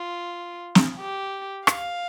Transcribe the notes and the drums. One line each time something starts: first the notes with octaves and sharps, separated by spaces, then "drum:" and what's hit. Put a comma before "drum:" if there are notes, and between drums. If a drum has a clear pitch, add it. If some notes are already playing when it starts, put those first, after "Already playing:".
Already playing: F4
drum: snare
G4
F5, drum: rim click